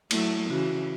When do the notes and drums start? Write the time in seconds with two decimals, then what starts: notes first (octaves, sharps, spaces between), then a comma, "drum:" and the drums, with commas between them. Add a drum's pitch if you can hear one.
0.11 F#3 A3 E4, drum: cymbal
0.50 C#3 E3 F#4